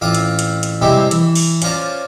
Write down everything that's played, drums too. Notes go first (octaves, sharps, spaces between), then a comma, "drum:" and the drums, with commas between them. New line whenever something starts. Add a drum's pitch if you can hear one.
A1 C4 F4 F5 D6
drum: hi-hat
drum: hi-hat
drum: hi-hat
C3 G3 G#3 C4 E4 G4
E3, drum: hi-hat
drum: open hi-hat
C#4 F4 C5 D5 A#5, drum: hi-hat